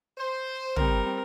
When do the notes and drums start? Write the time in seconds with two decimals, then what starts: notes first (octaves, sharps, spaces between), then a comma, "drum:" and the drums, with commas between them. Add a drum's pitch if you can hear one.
0.18 C5
0.76 G3 C4 A#4, drum: tom